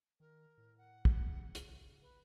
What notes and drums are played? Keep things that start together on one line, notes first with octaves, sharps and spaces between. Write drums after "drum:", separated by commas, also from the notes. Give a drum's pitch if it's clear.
D#3 A#4
A2
F#5
drum: kick
C#3
drum: hi-hat
B4